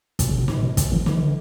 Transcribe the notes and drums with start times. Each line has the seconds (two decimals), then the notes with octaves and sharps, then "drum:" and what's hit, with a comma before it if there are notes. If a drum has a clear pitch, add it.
0.19 B2, drum: kick, hi-hat
0.29 C#3
0.38 B2
0.48 A2, drum: snare
0.63 B2
0.77 D3, drum: kick, hi-hat
0.92 E3
1.06 D3, drum: snare
1.14 E3
1.21 D3